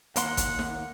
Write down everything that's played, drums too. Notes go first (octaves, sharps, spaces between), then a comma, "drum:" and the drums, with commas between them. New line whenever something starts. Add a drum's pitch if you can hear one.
D#2 A#3 F#5 C6, drum: hi-hat
drum: kick G#1, hi-hat
drum: snare